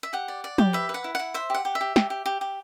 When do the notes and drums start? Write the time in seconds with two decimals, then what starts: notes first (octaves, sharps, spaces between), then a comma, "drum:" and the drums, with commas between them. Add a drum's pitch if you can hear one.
0.03 E5
0.13 G4 F#5
0.28 D5
0.44 D5
0.58 G4, drum: tom
0.73 B4 E5
0.89 B4
0.94 F#5
1.04 E4
1.15 E4 F#5
1.34 C5 E5
1.50 G4 F#5
1.65 G4
1.75 E5
1.81 G4
1.96 G4, drum: snare
2.10 G4
2.26 G4
2.41 G4